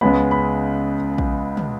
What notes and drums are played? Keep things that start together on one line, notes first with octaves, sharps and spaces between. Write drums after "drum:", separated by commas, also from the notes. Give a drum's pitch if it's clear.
C#2 C#3 G#3 B3 B5
B5
drum: kick A#1
drum: tom